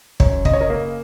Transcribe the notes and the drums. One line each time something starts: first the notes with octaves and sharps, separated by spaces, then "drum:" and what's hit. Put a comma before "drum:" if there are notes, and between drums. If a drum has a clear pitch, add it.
F#2 C#5, drum: kick
C#3 D#5, drum: kick
C#5
A#4 D#5
A#3